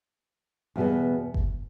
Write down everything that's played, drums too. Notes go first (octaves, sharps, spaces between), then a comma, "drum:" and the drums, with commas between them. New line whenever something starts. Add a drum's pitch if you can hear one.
E2 B2 G3 B3
drum: kick G1